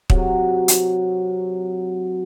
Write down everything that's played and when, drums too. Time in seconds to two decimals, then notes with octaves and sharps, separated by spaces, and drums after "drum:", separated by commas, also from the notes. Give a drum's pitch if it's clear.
0.10 C3 F#3, drum: kick
0.68 drum: hi-hat